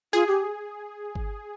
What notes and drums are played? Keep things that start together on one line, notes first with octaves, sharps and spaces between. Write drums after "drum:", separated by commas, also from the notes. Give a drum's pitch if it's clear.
F4 G#4
G4
drum: kick G1